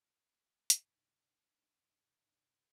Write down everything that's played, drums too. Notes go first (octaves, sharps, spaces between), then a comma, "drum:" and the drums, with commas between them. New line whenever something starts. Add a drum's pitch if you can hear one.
G2 C3 D4 D#4, drum: hi-hat